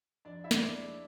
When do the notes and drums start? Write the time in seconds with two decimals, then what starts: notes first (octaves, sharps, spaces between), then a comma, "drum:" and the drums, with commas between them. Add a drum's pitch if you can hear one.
0.25 F2 D4 D5
0.44 E4 E5
0.51 F2, drum: snare
0.62 D4 D5
0.76 G#3